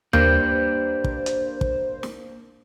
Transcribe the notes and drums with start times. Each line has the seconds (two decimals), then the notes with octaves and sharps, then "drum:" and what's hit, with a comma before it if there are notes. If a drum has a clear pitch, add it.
0.13 A#3 D4 G4 B4 C5 G6, drum: tom D#2
1.04 drum: kick
1.26 drum: hi-hat
1.61 drum: kick
2.03 drum: snare